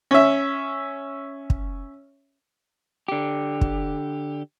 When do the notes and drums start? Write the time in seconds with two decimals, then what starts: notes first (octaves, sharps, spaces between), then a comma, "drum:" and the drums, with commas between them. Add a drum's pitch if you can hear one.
0.11 C#4 E5
1.50 drum: kick
3.08 D3 G4
3.61 drum: kick